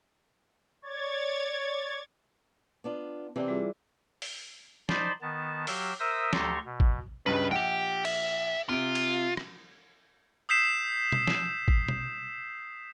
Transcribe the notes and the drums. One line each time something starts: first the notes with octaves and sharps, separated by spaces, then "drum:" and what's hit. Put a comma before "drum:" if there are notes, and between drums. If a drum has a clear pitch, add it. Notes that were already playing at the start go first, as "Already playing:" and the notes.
C#5 D5 G#6 A6
B3 D4 F4
C3 E3 C4 D4 G5
G3 F4 G#4
drum: open hi-hat
D#4 C5 D5 A5 B5 C6, drum: snare
D#3 B3 A5
F#3 G4 F5 E6, drum: open hi-hat
A#4 C5 E5 D#6 E6
D2 G4 A4 A#5 C6 C#6, drum: snare
B2
drum: kick
C#2 G2 C#3 B4
A#1 G4 F#5 G5
E5, drum: cymbal
C3 F4 D7
drum: cymbal
drum: rim click
D#6 E6 G6 B6 C7 E7
drum: tom
drum: snare
drum: kick
drum: tom